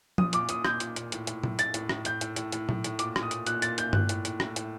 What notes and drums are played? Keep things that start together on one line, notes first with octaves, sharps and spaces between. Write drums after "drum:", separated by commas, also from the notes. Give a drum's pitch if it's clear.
A#2 D#6, drum: tom F3
A#2 D6, drum: hi-hat
A#2 D#6, drum: hi-hat
A#2 G6, drum: rim click
A#2, drum: hi-hat
A#2, drum: hi-hat
A2, drum: hi-hat
A2, drum: hi-hat
A2, drum: tom A#2
A2 A6, drum: hi-hat
A2, drum: hi-hat
A2, drum: rim click
A2 G6, drum: hi-hat
A2, drum: hi-hat
A2, drum: hi-hat
A2, drum: hi-hat
A2, drum: tom A#2
A2, drum: hi-hat
A#2 D6, drum: hi-hat
A#2, drum: rim click
D#6
A#2, drum: hi-hat
A#2 F#6, drum: hi-hat
A#2 A6, drum: hi-hat
A#2 G6, drum: hi-hat
A2 F#6, drum: tom G2
A2, drum: hi-hat
A2, drum: hi-hat
A2, drum: rim click
A2, drum: hi-hat